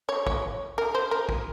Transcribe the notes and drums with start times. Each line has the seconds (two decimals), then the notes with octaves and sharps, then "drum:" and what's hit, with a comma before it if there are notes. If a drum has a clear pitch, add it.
0.09 C#5
0.27 C#5, drum: kick
0.78 A#4
0.95 C5
1.11 A#4
1.29 drum: kick